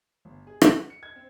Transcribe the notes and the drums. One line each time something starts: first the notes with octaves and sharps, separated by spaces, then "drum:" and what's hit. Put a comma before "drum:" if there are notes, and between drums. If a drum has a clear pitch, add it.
G1
G#4
C#6, drum: rim click
F#5
C#7
G#6
C4